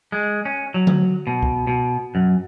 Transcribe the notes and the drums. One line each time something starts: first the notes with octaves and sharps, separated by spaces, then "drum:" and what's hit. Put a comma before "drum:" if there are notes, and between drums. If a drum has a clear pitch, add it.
G#3
C#4
F#3
drum: tom D3
B2
drum: kick C2
B2
F#2